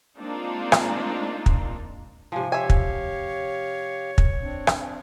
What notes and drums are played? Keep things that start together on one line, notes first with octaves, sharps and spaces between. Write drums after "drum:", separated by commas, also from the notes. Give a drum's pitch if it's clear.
G#3 A#3 C4 D4 D#4 F4
drum: rim click
drum: kick
G#2 C3 F3 G#5
G4 C#5 E5 F5 G#5
drum: kick
drum: kick
C4 D4
drum: rim click